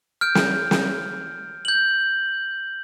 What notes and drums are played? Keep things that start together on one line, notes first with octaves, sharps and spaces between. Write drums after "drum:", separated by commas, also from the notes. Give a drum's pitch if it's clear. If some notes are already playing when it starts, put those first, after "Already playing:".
F6 G6 D7
drum: snare
drum: snare
G6 F#7